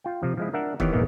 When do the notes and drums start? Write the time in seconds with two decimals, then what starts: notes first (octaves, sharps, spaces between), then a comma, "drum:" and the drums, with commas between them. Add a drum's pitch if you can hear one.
0.04 F4 G5
0.23 C3 F3
0.37 F3 G#3 E4
0.53 D4 A#4 E5 F#5
0.80 D#3 E3 B3 G4 C#5, drum: kick
0.93 A#1 D#2 G#2 D#3 E3 B3